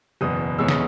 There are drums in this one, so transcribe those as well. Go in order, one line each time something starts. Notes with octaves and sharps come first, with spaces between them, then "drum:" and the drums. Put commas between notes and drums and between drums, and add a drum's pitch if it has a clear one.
F#1 E2 B2 D#6
F1 E2 B2 G#3 C#4 E6
D#6, drum: snare